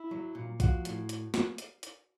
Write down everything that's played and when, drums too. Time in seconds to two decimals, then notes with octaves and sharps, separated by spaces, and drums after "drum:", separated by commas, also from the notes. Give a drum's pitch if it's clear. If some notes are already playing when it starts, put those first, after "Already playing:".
Already playing: E4
0.11 F#3
0.35 A#2
0.60 F3 F#4, drum: kick B1, hi-hat
0.85 A2, drum: hi-hat
1.09 drum: hi-hat
1.34 drum: snare
1.58 drum: hi-hat
1.83 drum: hi-hat